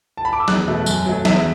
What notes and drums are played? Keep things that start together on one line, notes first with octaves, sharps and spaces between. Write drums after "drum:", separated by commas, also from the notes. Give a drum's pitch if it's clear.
A5
B5
D6
E6
E2 F#6, drum: snare
B2 A3
F#2, drum: tambourine
F#3 A3
E2 E5, drum: snare